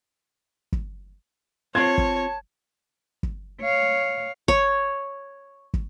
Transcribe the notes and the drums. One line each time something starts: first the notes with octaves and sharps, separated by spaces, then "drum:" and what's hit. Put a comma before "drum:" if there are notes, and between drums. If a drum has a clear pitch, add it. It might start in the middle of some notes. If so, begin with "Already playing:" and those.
drum: kick
C4 F4 C5 C#5 A5 G#6
drum: kick
drum: kick
C#5 F5
C#5, drum: kick
drum: kick